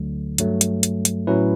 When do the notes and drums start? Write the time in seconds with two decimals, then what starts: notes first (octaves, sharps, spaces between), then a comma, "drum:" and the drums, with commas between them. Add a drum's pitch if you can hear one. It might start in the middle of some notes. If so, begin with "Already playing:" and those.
Already playing: D2 D3 F#3 A3
0.38 G2 F#3 A3, drum: hi-hat
0.61 drum: hi-hat
0.83 drum: hi-hat
1.05 drum: hi-hat
1.27 A2 F#3 C#4 E4 B4